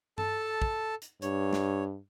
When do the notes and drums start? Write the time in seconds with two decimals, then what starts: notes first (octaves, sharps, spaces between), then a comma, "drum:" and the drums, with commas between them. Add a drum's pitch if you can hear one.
0.18 A4 A5, drum: tom G2
0.62 drum: kick
1.02 drum: hi-hat
1.22 G2 C#5, drum: hi-hat
1.53 drum: snare